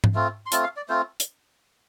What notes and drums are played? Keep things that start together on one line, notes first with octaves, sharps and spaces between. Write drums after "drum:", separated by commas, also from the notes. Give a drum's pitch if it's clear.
drum: tom G#2
A3 C4 F4
C6
A3 C4 F4 A5, drum: hi-hat
F5
D5
A3 C4 F4 C5
drum: hi-hat